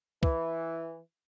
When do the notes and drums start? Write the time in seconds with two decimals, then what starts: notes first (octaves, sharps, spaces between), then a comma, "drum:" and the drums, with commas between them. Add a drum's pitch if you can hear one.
0.23 E3, drum: kick